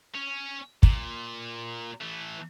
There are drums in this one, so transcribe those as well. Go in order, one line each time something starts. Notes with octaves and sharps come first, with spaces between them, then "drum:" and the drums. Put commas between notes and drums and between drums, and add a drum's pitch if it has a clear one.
C#4
A#2, drum: kick
E3 A3